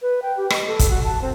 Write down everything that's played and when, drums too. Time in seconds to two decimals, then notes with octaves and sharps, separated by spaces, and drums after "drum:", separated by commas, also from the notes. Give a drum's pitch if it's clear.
0.02 B4
0.22 G5
0.37 G4
0.50 D#5, drum: rim click
0.67 A4
0.79 drum: kick, hi-hat
0.90 F#4
1.04 A5
1.22 C4